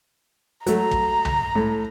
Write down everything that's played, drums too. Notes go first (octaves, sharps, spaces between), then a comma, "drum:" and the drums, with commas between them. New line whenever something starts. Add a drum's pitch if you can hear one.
F#3 A3 A#5, drum: hi-hat
drum: kick
drum: tom C2
A2